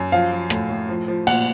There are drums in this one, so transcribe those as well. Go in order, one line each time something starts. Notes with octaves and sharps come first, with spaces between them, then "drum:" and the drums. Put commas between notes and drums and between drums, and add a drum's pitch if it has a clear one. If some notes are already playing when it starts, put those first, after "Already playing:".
Already playing: F#2
F3 F5
F3
A2, drum: rim click
A2
F3
F3
A#2 F#5, drum: cymbal